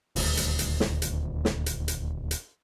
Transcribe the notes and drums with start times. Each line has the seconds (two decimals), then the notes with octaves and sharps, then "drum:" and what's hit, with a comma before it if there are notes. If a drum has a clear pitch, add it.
0.16 D#1 D2, drum: open hi-hat
0.37 drum: hi-hat
0.59 drum: hi-hat
0.80 drum: snare
1.02 drum: hi-hat
1.45 drum: snare
1.66 drum: hi-hat
1.88 drum: hi-hat
2.31 drum: hi-hat